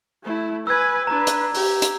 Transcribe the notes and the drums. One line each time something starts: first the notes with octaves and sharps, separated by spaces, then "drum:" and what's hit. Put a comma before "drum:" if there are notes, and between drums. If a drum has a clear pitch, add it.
A3 E4
B4 G#5 E6 G#6
D4 B4 A#5
drum: hi-hat
G4, drum: open hi-hat
drum: hi-hat